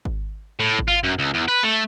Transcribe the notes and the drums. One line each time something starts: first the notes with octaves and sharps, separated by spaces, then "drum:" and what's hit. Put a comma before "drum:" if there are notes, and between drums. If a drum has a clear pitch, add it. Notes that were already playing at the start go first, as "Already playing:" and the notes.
drum: kick G#1
A2
drum: kick G#1
F4
F#2
C#2
E2
B4
A3